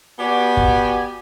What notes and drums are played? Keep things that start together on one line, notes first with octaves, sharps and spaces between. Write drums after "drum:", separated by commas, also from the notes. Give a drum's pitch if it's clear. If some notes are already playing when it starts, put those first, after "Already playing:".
B3 F#4 G4 D5 G#5
drum: kick G1